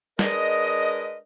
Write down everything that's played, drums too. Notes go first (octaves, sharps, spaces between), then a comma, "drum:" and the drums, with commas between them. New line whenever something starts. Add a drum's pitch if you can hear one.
G#3 D4 A#4 B4 D#5, drum: snare